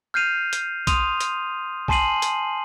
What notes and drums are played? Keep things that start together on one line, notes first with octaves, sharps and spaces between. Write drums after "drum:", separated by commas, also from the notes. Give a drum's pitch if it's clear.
F6 G6 C7 D#7 F7
drum: hi-hat
C6 D#6 D#7 F7, drum: kick, hi-hat
drum: hi-hat
G#5 A5 C6 C7 D#7 F#7, drum: kick
drum: hi-hat